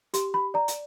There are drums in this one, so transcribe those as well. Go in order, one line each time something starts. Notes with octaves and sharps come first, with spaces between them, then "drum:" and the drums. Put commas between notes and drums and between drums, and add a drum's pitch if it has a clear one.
G4 C6, drum: hi-hat
B5
D5 A#5
drum: hi-hat